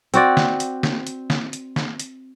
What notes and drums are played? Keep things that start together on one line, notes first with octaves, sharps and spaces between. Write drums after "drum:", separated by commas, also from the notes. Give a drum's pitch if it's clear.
C4 F#4 D5, drum: hi-hat
drum: snare
drum: hi-hat
drum: snare
drum: hi-hat
drum: snare
drum: hi-hat
drum: snare
drum: hi-hat